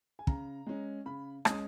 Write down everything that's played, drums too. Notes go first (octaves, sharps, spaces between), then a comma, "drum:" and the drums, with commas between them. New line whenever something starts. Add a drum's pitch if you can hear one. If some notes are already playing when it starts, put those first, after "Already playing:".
G#5
C#3 A#5, drum: kick
G#3 C#4
C#3 B5
G#3 C#4 D#6, drum: rim click